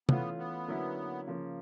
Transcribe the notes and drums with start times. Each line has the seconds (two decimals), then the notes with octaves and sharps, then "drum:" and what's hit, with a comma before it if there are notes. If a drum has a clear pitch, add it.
0.09 E3 A3 B3 C#4 F4, drum: tom
0.38 B3
0.67 D3 F#3 A#3 C#4 E4
1.27 C#3 F3 A#3 C#4